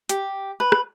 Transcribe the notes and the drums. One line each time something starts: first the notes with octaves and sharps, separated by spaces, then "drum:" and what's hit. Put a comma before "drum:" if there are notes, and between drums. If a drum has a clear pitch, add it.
G4, drum: hi-hat
B4
drum: rim click